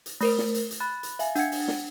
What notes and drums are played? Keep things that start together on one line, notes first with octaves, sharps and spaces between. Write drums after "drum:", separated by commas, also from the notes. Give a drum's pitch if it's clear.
drum: hi-hat
A3 A#4 C5, drum: open hi-hat
drum: snare
drum: hi-hat
drum: hi-hat
B5 F#6 A6
drum: hi-hat
E5 F5 G#5, drum: hi-hat
D4 F#5 G5 G#6 C#7, drum: hi-hat
drum: open hi-hat
drum: snare